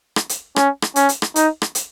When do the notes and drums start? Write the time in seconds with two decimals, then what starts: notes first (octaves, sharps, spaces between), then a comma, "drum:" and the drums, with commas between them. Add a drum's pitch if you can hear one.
0.16 drum: rim click
0.29 drum: hi-hat
0.56 C#4, drum: rim click
0.82 drum: rim click
0.96 C#4, drum: hi-hat
1.09 drum: hi-hat
1.22 drum: rim click
1.36 D#4, drum: hi-hat
1.62 drum: rim click
1.75 drum: hi-hat